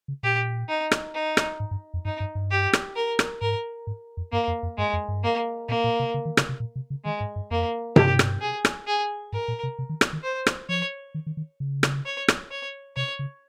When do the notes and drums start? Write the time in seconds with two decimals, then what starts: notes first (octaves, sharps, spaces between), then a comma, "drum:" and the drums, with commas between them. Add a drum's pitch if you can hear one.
0.08 C#3
0.23 A#2 G4
0.69 D#4
0.91 drum: rim click
1.14 D#4
1.37 drum: rim click
1.60 G#2
1.71 G2
1.94 F2
2.05 G2 D#4
2.20 G2
2.35 G2
2.51 G4
2.73 drum: rim click
2.96 A#4
3.19 drum: rim click
3.41 G#2 A#4
3.87 G#2
4.17 F2
4.32 G2 A#3
4.48 F2
4.63 F2
4.78 G2 G#3
4.93 F2
5.08 G2
5.23 A#3
5.68 A#2 A#3
5.84 A#2
5.99 C3
6.14 C#3
6.26 D#3
6.37 C#3, drum: rim click
6.49 C3
6.60 A#2
6.76 C3
6.90 C#3
7.05 D#3 G#3
7.20 G#2
7.36 G2
7.51 F2 A#3
7.96 G2 G4, drum: tom C3
8.19 drum: rim click
8.41 G#4
8.65 drum: rim click
8.87 G#4
9.33 G#2 A#4
9.48 A#2
9.63 C3
9.79 C3
9.89 D#3
10.01 drum: rim click
10.13 D#3
10.23 C5
10.47 drum: rim click
10.69 F3 C#5
11.15 D#3
11.27 D#3
11.37 D#3
11.60 C#3
11.83 drum: rim click
12.05 C#5
12.28 drum: rim click
12.51 C#5
12.96 C3 C#5
13.19 C#3